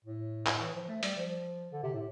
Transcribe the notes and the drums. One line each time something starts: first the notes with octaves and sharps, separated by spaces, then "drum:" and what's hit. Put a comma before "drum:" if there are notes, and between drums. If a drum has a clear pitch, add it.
A2
A2, drum: clap
E3
F3
A3
G3, drum: hi-hat
F3
D3
C3
A2